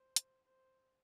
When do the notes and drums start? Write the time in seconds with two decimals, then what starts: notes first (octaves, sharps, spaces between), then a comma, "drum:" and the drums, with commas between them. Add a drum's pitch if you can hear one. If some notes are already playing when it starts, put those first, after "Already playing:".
Already playing: C5
0.16 drum: hi-hat
0.44 C5